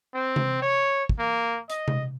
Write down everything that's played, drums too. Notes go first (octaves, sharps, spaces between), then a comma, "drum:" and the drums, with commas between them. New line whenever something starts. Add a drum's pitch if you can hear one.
C4
drum: tom C3
C#5
drum: kick
A#3
D#5, drum: hi-hat
drum: tom C3